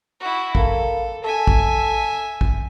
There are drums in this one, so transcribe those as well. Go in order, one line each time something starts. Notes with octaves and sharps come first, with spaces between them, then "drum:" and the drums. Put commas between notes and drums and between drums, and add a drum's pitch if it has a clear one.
E4 F#4
A#3 A4, drum: kick
A4 E5 G#5
drum: kick
drum: kick